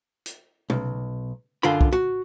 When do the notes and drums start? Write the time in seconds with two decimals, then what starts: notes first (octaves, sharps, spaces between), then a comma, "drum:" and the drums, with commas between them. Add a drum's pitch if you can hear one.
0.26 drum: hi-hat
0.70 B1, drum: tom
1.63 F#2 D3 F4 B5
1.81 drum: kick B1
1.92 F#4